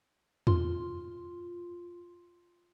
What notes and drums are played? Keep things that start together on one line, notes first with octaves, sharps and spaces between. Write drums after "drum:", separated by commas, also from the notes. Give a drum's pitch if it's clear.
F4 C6, drum: tom E2